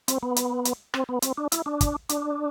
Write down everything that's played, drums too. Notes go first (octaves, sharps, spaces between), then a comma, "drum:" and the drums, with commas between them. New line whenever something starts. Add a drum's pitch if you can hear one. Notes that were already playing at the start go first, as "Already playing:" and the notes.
C4, drum: hi-hat
B3
drum: hi-hat
drum: hi-hat
C4, drum: rim click
B3
C4, drum: hi-hat
D4
E4, drum: hi-hat
D4
drum: kick, hi-hat
D4, drum: hi-hat